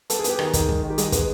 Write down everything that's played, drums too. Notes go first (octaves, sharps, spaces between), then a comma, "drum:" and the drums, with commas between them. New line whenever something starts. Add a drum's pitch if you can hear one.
B3 A4, drum: hi-hat
G#4
B3 G4, drum: hi-hat
D#3 G#4, drum: rim click
D#3, drum: kick, hi-hat
G#3, drum: kick
D#3
G4
G#3 G#4, drum: hi-hat
B3, drum: kick, hi-hat